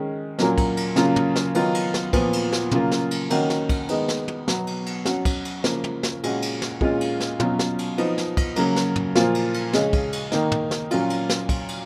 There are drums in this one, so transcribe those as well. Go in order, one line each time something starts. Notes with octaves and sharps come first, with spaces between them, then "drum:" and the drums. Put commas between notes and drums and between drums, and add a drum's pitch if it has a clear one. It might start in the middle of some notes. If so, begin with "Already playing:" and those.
Already playing: D#3 G#3 C#4
A#2 F#3 A#3 C#4, drum: snare
drum: kick, cymbal
drum: cymbal
C#3 F#3 A#3 F4, drum: snare
drum: tom
drum: snare
D#3 F#3 B3 F4, drum: cymbal
drum: cymbal
drum: snare
A#2 F3 B3, drum: kick, cymbal
drum: cymbal
drum: snare
C#3 F#3 A#3 F4, drum: tom
drum: snare
drum: cymbal
D#3 A#3 C#4 F#4, drum: cymbal
drum: snare
drum: kick, cymbal
D#3 G#3 B3 D#4, drum: cymbal
drum: snare
drum: tom
B2 F#3 B3 F#4, drum: snare
drum: cymbal
drum: cymbal
F#3 C#4 F#4, drum: snare
drum: kick, cymbal
drum: cymbal
C#3 F3 A#3, drum: snare
drum: tom
drum: snare
A#2 G#3 C#4 F#4, drum: cymbal
drum: cymbal
drum: snare
A#2 G#3 C#4 F4, drum: kick
drum: cymbal
drum: snare
B2 F#3 C#4 F4, drum: tom
drum: snare
drum: cymbal
F3 B3 D#4, drum: cymbal
drum: snare
drum: kick, cymbal
C#3 F#3 A#3, drum: cymbal
drum: snare
drum: tom
A#2 F3 A#3 F4, drum: snare
drum: cymbal
drum: cymbal
C#3 G#3 C#4, drum: snare
drum: kick, cymbal
drum: cymbal
D#3 A#3 D#4, drum: snare
drum: tom
drum: snare
A#2 F#3 C#4 F4, drum: cymbal
drum: cymbal
drum: snare
drum: kick, cymbal
drum: cymbal